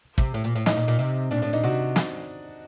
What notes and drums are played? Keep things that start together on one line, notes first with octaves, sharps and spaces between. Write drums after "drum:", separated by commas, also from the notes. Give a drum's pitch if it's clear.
C3, drum: kick
A2
A#2
A2
A2 D#4, drum: snare
A#2
A#2
C3
A#2 D4
A2 D4
A#2 D#4
C3 F#4
drum: snare